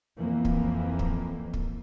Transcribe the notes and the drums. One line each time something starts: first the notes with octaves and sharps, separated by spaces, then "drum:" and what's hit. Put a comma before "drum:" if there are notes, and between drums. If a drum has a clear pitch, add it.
F2 E3 A#3
drum: kick
drum: kick
drum: kick